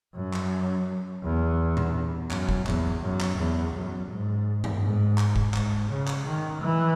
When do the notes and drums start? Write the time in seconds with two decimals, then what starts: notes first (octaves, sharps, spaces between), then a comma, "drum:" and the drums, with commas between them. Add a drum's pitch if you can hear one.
0.15 F#2
0.33 drum: clap
1.23 E2
1.77 drum: tom A#2
2.31 F#2, drum: clap
2.49 drum: kick
2.66 E2, drum: clap
3.02 F#2
3.20 drum: clap
3.38 E2
3.74 F#2
4.10 G#2
4.64 drum: tom G2
4.82 G#2
5.18 drum: clap
5.36 drum: kick
5.54 G#2, drum: clap
5.90 C#3
6.07 drum: clap
6.25 D#3
6.62 E3